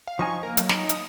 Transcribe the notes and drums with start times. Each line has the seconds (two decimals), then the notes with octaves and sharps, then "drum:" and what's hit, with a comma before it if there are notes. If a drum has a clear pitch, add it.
0.07 F5
0.19 F3 D#4 G#5 C#6
0.43 A#3 A#4
0.57 F#3, drum: hi-hat
0.69 D#4, drum: snare
0.89 D#6, drum: hi-hat